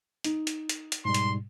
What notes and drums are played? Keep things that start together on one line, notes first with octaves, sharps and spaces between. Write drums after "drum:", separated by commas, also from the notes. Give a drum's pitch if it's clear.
D#4, drum: hi-hat
drum: hi-hat
drum: hi-hat
drum: hi-hat
G#2 B2 G3 C6
drum: hi-hat